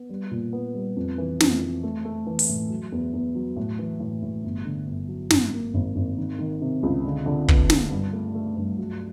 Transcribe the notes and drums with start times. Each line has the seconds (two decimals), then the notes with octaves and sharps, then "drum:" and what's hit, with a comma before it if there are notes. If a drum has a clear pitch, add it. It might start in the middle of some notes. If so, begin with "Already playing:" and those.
Already playing: B3
0.09 G3
0.31 A#2
0.53 B3
0.74 G3
0.96 F2
1.18 E3
1.40 F2, drum: snare
1.62 E3
1.83 A3
2.05 A3
2.27 E3
2.39 drum: open hi-hat
2.49 A2
2.70 F#3
2.92 E2
3.13 E2
3.35 F#3
3.56 A2
3.79 E3
4.00 A2
4.23 A2
4.44 G1
4.65 D3
4.87 G1
5.09 F#3
5.30 G#1, drum: snare
5.52 A#3
5.74 G#1
5.96 G#1
6.18 D#3
6.39 D#3
6.61 C3
6.83 C#2
7.05 D3
7.26 D3
7.48 B3, drum: kick
7.70 B3, drum: snare
7.91 G2
8.13 A3
8.35 A3
8.57 G2
8.78 F#3